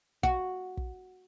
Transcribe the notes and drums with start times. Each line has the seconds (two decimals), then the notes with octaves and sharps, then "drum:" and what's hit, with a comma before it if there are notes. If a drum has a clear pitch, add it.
0.23 F#4, drum: kick
0.77 drum: kick